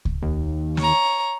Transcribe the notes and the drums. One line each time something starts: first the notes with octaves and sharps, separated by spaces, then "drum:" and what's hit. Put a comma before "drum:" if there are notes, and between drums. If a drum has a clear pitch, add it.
drum: kick C#2
D#2
C#5 A#5, drum: snare